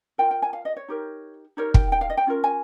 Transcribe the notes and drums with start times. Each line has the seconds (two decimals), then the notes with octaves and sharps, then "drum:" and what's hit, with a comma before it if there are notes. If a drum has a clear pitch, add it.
0.18 F4 A#4 G5
0.31 G5
0.42 G#5
0.53 F5
0.65 D#5
0.77 C#5
0.88 D#4 G4 A#4
1.57 D#4 G4 A#4 C#5
1.74 G5, drum: kick
1.92 G5
2.01 F5
2.10 D#5
2.17 G5
2.27 C#4 F4 A#4
2.44 G#5